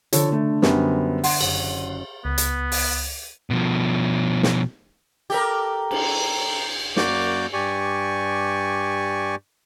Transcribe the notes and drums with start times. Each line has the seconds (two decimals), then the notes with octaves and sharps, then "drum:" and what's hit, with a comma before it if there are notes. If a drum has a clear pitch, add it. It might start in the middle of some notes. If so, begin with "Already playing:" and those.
0.13 D3 F3 A4 C#5, drum: hi-hat
0.32 A3
0.62 F#2 G3 B3 C4, drum: snare
1.24 F#5 C6, drum: open hi-hat
1.41 F#1, drum: cymbal
2.25 C#2 B3
2.38 drum: hi-hat
2.72 drum: open hi-hat
3.50 B2 F3
4.43 drum: snare
5.30 G4 A4 A#4
5.91 drum: cymbal
6.97 F#2 A#3 F#4 D5 D6 G6, drum: snare
7.53 G2 G4 D5 G#5 C#6